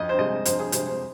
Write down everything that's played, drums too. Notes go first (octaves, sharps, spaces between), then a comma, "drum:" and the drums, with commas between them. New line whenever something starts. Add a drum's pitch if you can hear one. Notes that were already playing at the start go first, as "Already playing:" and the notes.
Already playing: F2 D#5
C5
C3 G#3 D#5
F2 C5, drum: hi-hat
G#4
C3 G#3 C5, drum: hi-hat
C5